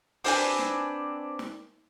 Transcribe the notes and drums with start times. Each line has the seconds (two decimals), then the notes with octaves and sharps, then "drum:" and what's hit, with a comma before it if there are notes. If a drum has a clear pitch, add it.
0.24 C4 D4 B4 G#5, drum: open hi-hat
0.59 drum: snare
1.39 drum: snare